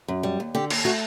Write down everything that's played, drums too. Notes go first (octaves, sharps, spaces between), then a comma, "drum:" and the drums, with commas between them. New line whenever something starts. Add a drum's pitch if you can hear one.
F#2
G3
D#2
D3 G4
D#2, drum: cymbal
A3 F#4